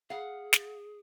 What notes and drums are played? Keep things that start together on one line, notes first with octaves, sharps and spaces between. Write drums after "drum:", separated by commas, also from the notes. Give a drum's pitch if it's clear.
G#4 F5 F#5
drum: snare